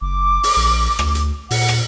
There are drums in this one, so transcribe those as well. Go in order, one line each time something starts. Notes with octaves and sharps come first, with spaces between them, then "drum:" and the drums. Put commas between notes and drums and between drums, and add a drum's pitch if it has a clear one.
F#1 D6
drum: open hi-hat
A#1
D2, drum: rim click
drum: hi-hat
A#2 F#5, drum: open hi-hat
drum: rim click